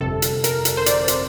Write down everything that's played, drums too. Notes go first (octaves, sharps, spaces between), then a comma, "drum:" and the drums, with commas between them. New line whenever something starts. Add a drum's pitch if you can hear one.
G1 F2 C3 A4
drum: hi-hat
A#4, drum: hi-hat
drum: hi-hat
C5
D5, drum: hi-hat
drum: hi-hat